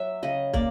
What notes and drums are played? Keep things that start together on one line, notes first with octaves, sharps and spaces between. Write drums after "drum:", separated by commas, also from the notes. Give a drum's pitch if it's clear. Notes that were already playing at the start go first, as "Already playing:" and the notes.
Already playing: F#3 E5
C#3 D#5
A#3 D5, drum: kick